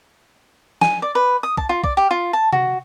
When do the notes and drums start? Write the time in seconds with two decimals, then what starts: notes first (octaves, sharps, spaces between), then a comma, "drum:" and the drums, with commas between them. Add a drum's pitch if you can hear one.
0.81 G#5, drum: snare
1.02 D5
1.15 B4
1.43 D#6
1.57 A5, drum: kick
1.69 F4
1.84 D5, drum: kick
1.97 G4
2.11 F4
2.33 A5
2.53 F#4, drum: tom C3